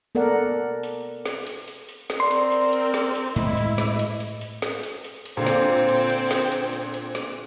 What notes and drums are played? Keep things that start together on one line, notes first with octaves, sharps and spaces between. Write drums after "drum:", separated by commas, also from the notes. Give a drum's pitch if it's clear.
B3 A4 A#4 D5 F#5
drum: hi-hat
drum: snare
drum: hi-hat
drum: hi-hat
drum: hi-hat
drum: snare
C4 A#4 D5 C6
drum: hi-hat
drum: hi-hat
drum: hi-hat
drum: snare
drum: hi-hat
A2 G#3 E4 D#5, drum: hi-hat
drum: hi-hat
drum: snare
drum: hi-hat
drum: hi-hat
drum: hi-hat
drum: snare
drum: hi-hat
drum: hi-hat
drum: hi-hat
A#2 D3 C4 C5
drum: snare
drum: hi-hat
drum: hi-hat
drum: snare
drum: hi-hat
drum: hi-hat
drum: hi-hat
drum: snare